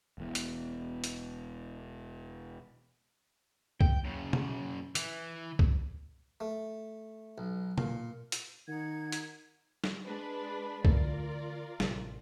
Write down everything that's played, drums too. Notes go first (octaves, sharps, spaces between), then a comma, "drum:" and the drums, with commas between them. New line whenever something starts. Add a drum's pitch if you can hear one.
E1 E2
drum: hi-hat
drum: hi-hat
G5, drum: kick
F#2 C#3
drum: tom B2
E3, drum: hi-hat
drum: kick
A3
B1
A#2, drum: tom B2
drum: hi-hat
D#3 D#4 F#5 G#6
drum: hi-hat
drum: snare
G#3 D4 B4
D3 E3 A3 F4 A#4 D5, drum: kick
A1 C3 F3, drum: snare